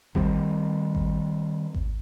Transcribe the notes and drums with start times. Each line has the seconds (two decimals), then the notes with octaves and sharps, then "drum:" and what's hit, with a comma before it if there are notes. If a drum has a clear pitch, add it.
0.15 D#3 G3 C4, drum: kick G#1
0.95 drum: kick G#1
1.74 drum: kick G#1